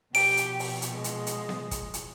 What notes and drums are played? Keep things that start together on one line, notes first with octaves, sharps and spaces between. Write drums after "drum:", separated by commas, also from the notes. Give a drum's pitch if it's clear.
B2 F3 G4 D7, drum: open hi-hat
drum: hi-hat
drum: open hi-hat
drum: hi-hat
G#3
drum: hi-hat
drum: hi-hat
drum: snare B3
drum: kick, hi-hat
drum: hi-hat